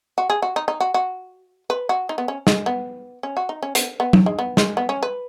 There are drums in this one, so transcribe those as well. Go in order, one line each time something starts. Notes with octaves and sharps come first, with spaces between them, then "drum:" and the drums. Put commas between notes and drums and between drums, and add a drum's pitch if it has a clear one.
F#4
G#4
F#4
D#4
D#4
F#4
F#4
B4
F#4
D#4
B3
C#4
G#3, drum: snare
B3
C#4
F#4
D#4
C#4
B3, drum: hi-hat
B3
drum: tom F#3
G#3
B3
G#3, drum: snare
B3
C#4
B4